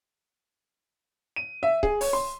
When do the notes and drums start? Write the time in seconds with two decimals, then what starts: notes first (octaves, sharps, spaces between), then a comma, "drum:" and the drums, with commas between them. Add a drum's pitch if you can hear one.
1.36 D#7
1.63 E5
1.83 G#4, drum: kick C#1
2.01 C#5, drum: open hi-hat
2.13 C6